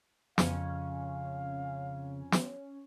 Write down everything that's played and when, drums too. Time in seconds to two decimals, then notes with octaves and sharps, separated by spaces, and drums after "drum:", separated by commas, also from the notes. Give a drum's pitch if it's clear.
0.38 F2 C#3 C#4 F5, drum: snare
2.32 drum: snare